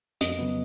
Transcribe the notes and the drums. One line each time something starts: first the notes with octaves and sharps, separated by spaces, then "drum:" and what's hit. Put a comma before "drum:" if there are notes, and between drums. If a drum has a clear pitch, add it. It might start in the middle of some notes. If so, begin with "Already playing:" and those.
F2 D#5, drum: hi-hat
C#3 F#3 B3